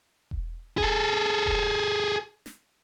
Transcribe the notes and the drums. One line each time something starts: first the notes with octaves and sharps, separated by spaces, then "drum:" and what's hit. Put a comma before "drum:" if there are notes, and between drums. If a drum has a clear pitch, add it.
drum: kick E1
G#4 A4, drum: kick E1
drum: kick E1
drum: snare